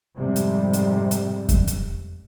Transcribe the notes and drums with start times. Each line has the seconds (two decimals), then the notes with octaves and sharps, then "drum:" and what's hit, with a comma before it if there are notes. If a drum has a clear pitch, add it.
0.17 F2 G#2 C3 G3
0.36 drum: hi-hat
0.73 drum: hi-hat
1.11 drum: hi-hat
1.49 drum: kick F2, hi-hat
1.67 drum: hi-hat